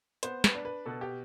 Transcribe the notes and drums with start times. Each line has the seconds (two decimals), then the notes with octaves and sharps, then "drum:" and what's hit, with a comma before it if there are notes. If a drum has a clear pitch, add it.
0.23 B3 C5, drum: hi-hat
0.44 B4, drum: snare
0.55 D4
0.65 B4
0.86 B2 A4
1.01 G4